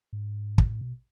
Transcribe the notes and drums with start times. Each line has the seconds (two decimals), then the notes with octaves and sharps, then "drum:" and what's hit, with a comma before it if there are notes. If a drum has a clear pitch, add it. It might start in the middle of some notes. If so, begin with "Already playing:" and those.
0.13 G#2
0.58 A2, drum: kick
0.81 B2